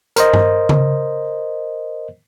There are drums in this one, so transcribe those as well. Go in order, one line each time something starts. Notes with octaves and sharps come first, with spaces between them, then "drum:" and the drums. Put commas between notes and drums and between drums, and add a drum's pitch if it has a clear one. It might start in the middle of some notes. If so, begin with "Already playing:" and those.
A#4 C5 D#5, drum: hi-hat
drum: tom G2
drum: tom C#3